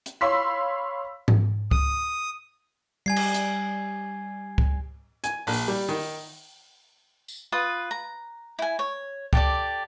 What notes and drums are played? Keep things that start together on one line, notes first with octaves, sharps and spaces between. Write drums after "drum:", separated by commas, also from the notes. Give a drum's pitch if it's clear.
drum: hi-hat
C#5 F5 B5 C6 E6 B6
drum: tom G#2
D#6, drum: kick
G3 G#5 G#6 C7
drum: cymbal
drum: hi-hat
drum: kick
G#5, drum: hi-hat
A#1, drum: open hi-hat
G3
D#3, drum: open hi-hat
drum: tambourine
F4 B4 D#6
A#5
E4 G#5
C#5
G4 A4 D5, drum: kick